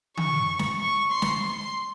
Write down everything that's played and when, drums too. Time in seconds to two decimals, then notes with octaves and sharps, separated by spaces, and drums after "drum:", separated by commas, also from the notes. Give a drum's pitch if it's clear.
0.17 C#6, drum: tom D3
0.59 drum: snare
0.80 C#6
1.12 C6
1.22 drum: snare
1.43 C6